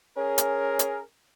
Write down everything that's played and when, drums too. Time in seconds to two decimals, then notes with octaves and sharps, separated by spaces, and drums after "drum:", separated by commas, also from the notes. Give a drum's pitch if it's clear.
0.17 C#4 G#4 A#4
0.38 drum: hi-hat
0.79 drum: hi-hat